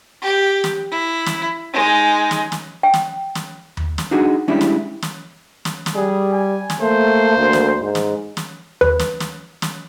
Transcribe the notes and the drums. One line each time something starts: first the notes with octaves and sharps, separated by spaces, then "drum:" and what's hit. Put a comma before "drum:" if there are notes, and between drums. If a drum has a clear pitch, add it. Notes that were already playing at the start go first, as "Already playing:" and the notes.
G4
drum: snare
E4
drum: snare
G#3 D#4
drum: snare
drum: snare
G5
drum: snare
drum: snare
drum: tom D#2
drum: snare
D4 D#4 F#4 G#4
G3 G#3 C#4 D4 E4
drum: snare
drum: snare
drum: snare
drum: snare
G3 G#4
G#5
drum: snare
A3 A#3 C5
D2
drum: snare
G#2
drum: snare
drum: snare
B4, drum: tom D#2
drum: snare
drum: snare
drum: snare